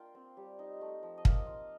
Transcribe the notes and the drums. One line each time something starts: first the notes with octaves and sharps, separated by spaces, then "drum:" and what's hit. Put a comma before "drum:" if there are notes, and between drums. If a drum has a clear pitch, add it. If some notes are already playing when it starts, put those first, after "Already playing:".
Already playing: A#3 D4 F4 F5 G5
C4
G3
D#4
A3
F3
D#5
A#3 F5, drum: kick
F4